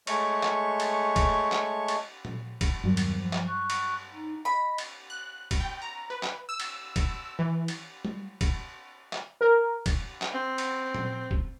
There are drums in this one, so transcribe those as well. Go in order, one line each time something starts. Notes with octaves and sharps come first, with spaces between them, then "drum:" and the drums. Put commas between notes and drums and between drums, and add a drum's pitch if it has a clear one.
G#3 A3 C#5 C#6, drum: cymbal
drum: clap
drum: cymbal
drum: kick, cymbal
drum: clap
drum: cymbal
drum: tom A#2
drum: kick, cymbal
E2 G2 D#3 F#3
drum: cymbal
F3
drum: clap
C#6 F#6
drum: cymbal
D#4
D#5 B5
drum: cymbal
F#6
drum: kick, cymbal
G5
A#5
B4
drum: clap
E6
drum: cymbal
drum: kick, cymbal
E3
drum: cymbal
drum: tom G3
drum: kick, cymbal
drum: clap
A#4
drum: kick, cymbal
drum: clap
C4
drum: cymbal
drum: tom A#2
drum: kick